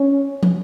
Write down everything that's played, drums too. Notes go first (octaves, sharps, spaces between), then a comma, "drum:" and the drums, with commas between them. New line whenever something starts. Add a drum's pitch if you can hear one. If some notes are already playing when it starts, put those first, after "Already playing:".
Already playing: C#4
drum: tom